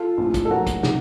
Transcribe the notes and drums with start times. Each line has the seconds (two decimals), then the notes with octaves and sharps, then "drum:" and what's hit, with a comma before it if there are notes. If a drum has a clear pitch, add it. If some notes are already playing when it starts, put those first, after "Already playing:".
Already playing: F4 A4
0.17 A#1 A2 F3
0.34 drum: kick, hi-hat
0.45 A4
0.50 A#1 A2 F#3 F#4 A#4
0.67 drum: kick, hi-hat
0.83 C3 D#3, drum: snare